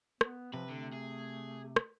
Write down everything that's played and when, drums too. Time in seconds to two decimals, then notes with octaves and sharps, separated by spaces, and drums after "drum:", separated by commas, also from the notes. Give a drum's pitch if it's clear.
0.21 B3, drum: rim click
0.54 C3 F3 B4
0.70 D3 A3
0.94 G#4
1.76 drum: rim click